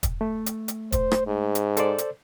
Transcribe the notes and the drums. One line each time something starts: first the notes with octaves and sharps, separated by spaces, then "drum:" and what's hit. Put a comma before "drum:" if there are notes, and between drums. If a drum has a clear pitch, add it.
drum: kick, hi-hat
A3
drum: hi-hat
drum: hi-hat
C5, drum: kick, hi-hat
drum: rim click
G#2
drum: hi-hat
A4 C5 D5, drum: hi-hat
drum: hi-hat